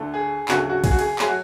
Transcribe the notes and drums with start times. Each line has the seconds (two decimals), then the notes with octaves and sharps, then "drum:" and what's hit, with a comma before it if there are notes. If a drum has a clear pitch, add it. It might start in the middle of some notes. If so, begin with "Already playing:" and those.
Already playing: D2 D3 A3
0.14 G#4
0.48 D2 C#3 F#3 A3 F#4, drum: clap
0.69 F#4
0.84 G#4, drum: kick A#1, cymbal
0.91 F#4
0.99 G#4, drum: cymbal
1.19 F#3 A3 G#4, drum: clap
1.27 F#4